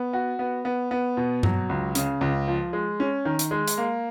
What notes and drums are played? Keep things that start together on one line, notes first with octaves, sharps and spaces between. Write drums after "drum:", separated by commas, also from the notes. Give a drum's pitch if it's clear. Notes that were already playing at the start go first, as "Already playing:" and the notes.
Already playing: B3
F#4
B3
B3
B3
B2
F#3, drum: tom G2
C#2
C#3, drum: hi-hat
C#2
F3
G#3
C#4
D#3
drum: hi-hat
G#3
drum: hi-hat
A#3